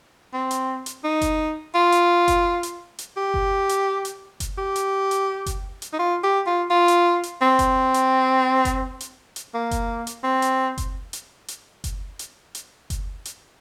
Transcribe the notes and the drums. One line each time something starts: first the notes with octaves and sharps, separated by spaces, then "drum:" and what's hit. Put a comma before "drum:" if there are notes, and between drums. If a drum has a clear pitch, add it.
C4
drum: hi-hat
drum: hi-hat
D#4
drum: kick F#1, hi-hat
F4
drum: hi-hat
drum: kick F#1, hi-hat
drum: hi-hat
drum: hi-hat
G4
drum: kick F#1
drum: hi-hat
drum: hi-hat
drum: kick F#1, hi-hat
G4
drum: hi-hat
drum: hi-hat
drum: kick F#1, hi-hat
drum: hi-hat
D#4
F4
G4
F4
F4
drum: hi-hat
drum: hi-hat
C4
drum: kick F#1, hi-hat
drum: hi-hat
drum: kick F#1, hi-hat
drum: hi-hat
drum: hi-hat
A#3
drum: kick F#1, hi-hat
drum: hi-hat
C4
drum: hi-hat
drum: kick F#1, hi-hat
drum: hi-hat
drum: hi-hat
drum: kick F#1, hi-hat
drum: hi-hat
drum: hi-hat
drum: kick F#1, hi-hat
drum: hi-hat